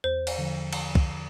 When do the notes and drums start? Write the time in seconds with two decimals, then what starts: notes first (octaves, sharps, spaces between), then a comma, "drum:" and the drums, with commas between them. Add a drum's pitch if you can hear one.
0.04 E2 C5
0.27 drum: cymbal
0.38 D3 F3
0.73 drum: cymbal
0.95 drum: kick